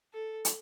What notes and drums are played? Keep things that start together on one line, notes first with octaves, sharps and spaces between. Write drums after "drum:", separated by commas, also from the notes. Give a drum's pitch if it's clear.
A4
drum: hi-hat